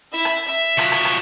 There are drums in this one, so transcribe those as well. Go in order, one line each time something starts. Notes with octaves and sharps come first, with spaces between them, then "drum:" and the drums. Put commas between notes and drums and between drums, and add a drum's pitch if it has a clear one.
E4 E5
drum: rim click
E5
F3 F#3, drum: rim click
drum: rim click
drum: rim click